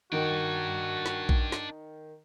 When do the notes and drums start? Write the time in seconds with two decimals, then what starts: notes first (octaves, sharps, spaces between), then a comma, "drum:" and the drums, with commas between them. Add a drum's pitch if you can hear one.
0.12 D#3 D4 F#4 G5
1.06 drum: snare
1.29 drum: kick A#1
1.52 drum: snare